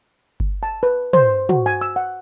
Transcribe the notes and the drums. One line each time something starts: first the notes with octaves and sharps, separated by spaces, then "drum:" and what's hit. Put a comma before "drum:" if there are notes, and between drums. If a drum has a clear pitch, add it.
drum: kick G1
A5
B4
C5, drum: tom
F#4, drum: tom
G#5
E6
F#5